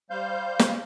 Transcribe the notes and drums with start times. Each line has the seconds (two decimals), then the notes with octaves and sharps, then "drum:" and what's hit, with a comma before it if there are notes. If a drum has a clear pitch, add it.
0.10 G3 C5 F5 G6
0.59 drum: snare